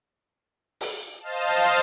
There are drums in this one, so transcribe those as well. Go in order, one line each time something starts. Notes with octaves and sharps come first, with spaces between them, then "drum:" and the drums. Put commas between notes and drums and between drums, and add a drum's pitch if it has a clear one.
drum: open hi-hat
C5 D#5 F5 A5